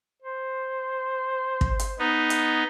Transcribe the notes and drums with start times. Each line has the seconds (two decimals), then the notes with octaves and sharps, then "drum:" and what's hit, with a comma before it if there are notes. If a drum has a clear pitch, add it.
0.22 C5
1.61 drum: kick
1.79 drum: hi-hat
1.99 B3 D#4
2.30 drum: hi-hat